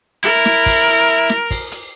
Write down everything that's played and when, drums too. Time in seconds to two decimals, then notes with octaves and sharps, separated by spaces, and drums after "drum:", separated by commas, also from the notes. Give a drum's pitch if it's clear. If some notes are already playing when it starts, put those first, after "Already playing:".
0.24 E4 A#4, drum: hi-hat
0.45 drum: snare
0.66 drum: kick, open hi-hat
0.87 drum: hi-hat
1.08 drum: hi-hat
1.29 drum: snare
1.51 drum: kick, open hi-hat
1.72 drum: hi-hat